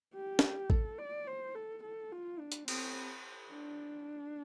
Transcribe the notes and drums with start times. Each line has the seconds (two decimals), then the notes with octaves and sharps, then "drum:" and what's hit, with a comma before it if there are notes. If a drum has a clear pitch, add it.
0.15 G4
0.39 drum: snare
0.70 A4, drum: kick
0.98 D5
1.27 C5
1.55 A4
1.83 A4
2.12 F4
2.39 D4
2.52 drum: hi-hat
2.68 C4, drum: cymbal
3.52 D4